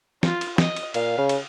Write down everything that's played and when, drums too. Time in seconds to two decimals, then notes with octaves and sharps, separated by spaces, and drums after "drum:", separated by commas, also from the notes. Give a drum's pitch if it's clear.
0.23 F4, drum: snare
0.41 drum: cymbal
0.58 D#5, drum: snare
0.76 drum: cymbal
0.94 A#2 F5, drum: cymbal
1.18 C#3
1.29 drum: cymbal